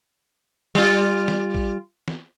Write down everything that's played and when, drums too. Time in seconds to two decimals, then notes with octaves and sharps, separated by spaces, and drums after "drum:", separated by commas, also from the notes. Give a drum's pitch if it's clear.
0.75 G3 F4
1.28 drum: snare
1.55 drum: kick
2.08 drum: snare